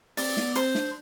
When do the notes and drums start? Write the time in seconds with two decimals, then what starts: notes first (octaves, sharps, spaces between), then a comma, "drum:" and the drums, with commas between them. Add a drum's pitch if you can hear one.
0.17 C4 D5, drum: open hi-hat
0.37 B3, drum: snare
0.55 C4 C5, drum: hi-hat
0.75 D4, drum: snare